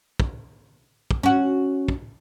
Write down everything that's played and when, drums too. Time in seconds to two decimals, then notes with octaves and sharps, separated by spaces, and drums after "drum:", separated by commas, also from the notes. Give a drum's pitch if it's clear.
0.20 drum: kick
1.11 drum: kick
1.23 C#4 F#4
1.88 drum: kick